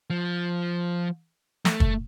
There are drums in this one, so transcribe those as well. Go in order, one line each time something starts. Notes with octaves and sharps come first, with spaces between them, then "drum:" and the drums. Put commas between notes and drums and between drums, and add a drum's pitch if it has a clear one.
F3
A3, drum: snare
drum: kick